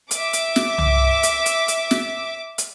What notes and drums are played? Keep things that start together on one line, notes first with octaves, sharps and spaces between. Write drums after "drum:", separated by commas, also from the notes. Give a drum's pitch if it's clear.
E5 D6, drum: hi-hat
drum: hi-hat
drum: snare
drum: tom C2
drum: hi-hat
drum: hi-hat
drum: hi-hat
drum: snare
drum: hi-hat